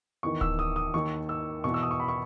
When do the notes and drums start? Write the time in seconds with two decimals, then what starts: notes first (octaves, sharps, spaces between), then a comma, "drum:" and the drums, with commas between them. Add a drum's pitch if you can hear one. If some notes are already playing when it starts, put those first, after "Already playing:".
0.23 E2 D#3 C#6
0.41 E6, drum: kick D1
0.59 D#6
0.76 D#6
0.94 D#2 D#3 C#6
1.29 E6
1.64 E2 B2 C#6
1.74 E6
1.82 D#6
1.91 C#6
2.00 B5
2.08 C#6